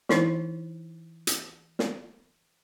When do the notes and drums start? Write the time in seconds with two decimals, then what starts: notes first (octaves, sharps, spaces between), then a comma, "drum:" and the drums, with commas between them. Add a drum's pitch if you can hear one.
0.09 E3 D#4 E4 C5, drum: snare
1.27 drum: hi-hat
1.79 drum: snare